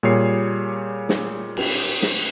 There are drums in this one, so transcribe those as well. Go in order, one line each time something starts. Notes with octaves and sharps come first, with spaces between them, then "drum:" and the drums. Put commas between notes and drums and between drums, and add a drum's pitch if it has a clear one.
A#2 G3 G#4 C#5 C7
drum: snare
drum: cymbal
drum: snare